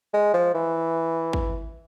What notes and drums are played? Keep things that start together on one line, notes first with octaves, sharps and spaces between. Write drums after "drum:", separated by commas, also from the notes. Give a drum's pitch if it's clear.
G#3
F3
E3
drum: kick G#1